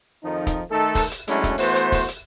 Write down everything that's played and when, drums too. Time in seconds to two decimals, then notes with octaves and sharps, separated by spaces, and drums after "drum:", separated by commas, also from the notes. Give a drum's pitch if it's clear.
0.23 F2 D#3 F3 D#4
0.47 drum: kick, hi-hat
0.71 D#3 A3 D#4 A4
0.95 drum: kick, open hi-hat
1.11 drum: hi-hat
1.28 F#3 G#3 A3 C#4 D4 E4, drum: hi-hat
1.44 drum: kick, hi-hat
1.58 E3 A3 B3 F#4 C5, drum: open hi-hat
1.76 drum: hi-hat
1.92 drum: kick, open hi-hat
2.08 drum: hi-hat